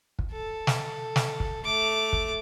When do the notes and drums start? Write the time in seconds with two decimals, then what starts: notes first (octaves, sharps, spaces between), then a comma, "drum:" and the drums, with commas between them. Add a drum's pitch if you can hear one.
0.19 drum: kick
0.31 A4
0.67 drum: snare
1.16 drum: snare
1.40 drum: kick
1.64 A3 D6
2.13 drum: kick